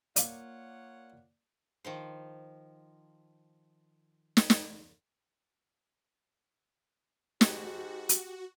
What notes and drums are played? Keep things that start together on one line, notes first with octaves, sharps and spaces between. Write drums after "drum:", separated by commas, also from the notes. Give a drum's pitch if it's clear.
A#3 D4 F4 A#4 C#5 D5 F5 F#5, drum: hi-hat
D#3 F3 C5
drum: snare
drum: snare
G#2 F#4 G4, drum: snare
drum: hi-hat